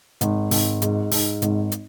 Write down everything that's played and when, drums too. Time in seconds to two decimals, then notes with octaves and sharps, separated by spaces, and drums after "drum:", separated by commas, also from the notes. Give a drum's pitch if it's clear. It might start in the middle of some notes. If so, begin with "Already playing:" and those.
0.21 G#1, drum: hi-hat
0.51 G#1, drum: open hi-hat
0.82 G#2, drum: hi-hat
1.11 G#2, drum: open hi-hat
1.42 G#1, drum: hi-hat
1.72 drum: hi-hat